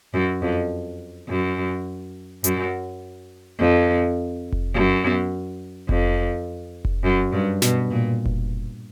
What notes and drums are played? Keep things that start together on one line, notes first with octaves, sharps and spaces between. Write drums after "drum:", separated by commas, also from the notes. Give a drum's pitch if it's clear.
F#2
F2
F#2
F#2, drum: hi-hat
F2
drum: kick F1
F#2
drum: tom B3
F2, drum: kick F1
drum: kick F1
F#2
G2
B2, drum: snare
A#2
drum: kick F1